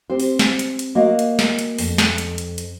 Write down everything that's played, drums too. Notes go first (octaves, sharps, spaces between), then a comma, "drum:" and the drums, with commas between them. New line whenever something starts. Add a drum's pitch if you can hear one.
C4 G4 C5
drum: open hi-hat
drum: snare
drum: hi-hat
drum: hi-hat
A#3 F#4 D#5 F5
drum: hi-hat
drum: snare
drum: hi-hat
F2, drum: open hi-hat
drum: snare
drum: hi-hat
drum: hi-hat
drum: hi-hat